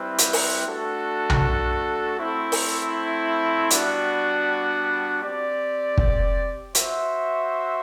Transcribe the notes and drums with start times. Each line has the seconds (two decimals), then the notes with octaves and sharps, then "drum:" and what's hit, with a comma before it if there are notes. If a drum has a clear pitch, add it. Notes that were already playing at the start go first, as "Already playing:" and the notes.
Already playing: G3 C4 E4 B4
0.18 drum: hi-hat
0.33 drum: open hi-hat
0.66 A3 D4 F#4 A4
1.30 drum: tom B1
2.18 A3 C4 E4
2.52 drum: open hi-hat
3.70 G3 B3 D4 F#4, drum: hi-hat
5.23 C4 G4 D5
5.98 drum: kick
6.75 F#4 C5 E5, drum: hi-hat